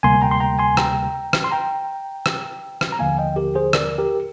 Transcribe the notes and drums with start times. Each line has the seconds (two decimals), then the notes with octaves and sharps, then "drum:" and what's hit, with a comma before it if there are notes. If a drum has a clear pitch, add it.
0.03 D2 C3 G3 A#3 G#5 C6
0.22 G5 A#5
0.31 C6
0.40 G5 A#5
0.59 G#5 C6
0.77 G5 A#5, drum: rim click
1.33 drum: rim click
1.44 C6
1.51 G5 A#5
2.26 drum: rim click
2.81 drum: rim click
2.92 A#5
2.99 D#2 D3 F3 A#3 F5 G#5
3.18 D#5 G5
3.36 G4 A#4
3.55 G#4 C5
3.73 A#4 D5, drum: rim click
3.98 G4 A#4